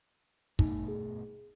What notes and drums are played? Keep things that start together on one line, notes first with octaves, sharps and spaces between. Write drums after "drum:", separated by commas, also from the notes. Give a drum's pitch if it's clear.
G2 B2 A3 D#4, drum: kick
G#4